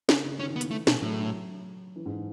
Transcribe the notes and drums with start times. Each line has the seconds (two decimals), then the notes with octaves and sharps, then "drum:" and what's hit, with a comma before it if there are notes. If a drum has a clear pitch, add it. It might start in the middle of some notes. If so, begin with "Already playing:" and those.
0.09 C#3 C#4, drum: snare
0.24 C#3
0.39 D#3 C#4
0.50 D#3
0.56 B3
0.61 E3, drum: hi-hat
0.71 A3
0.87 B2, drum: snare
1.01 A2 F#3
1.96 E3
2.06 G#2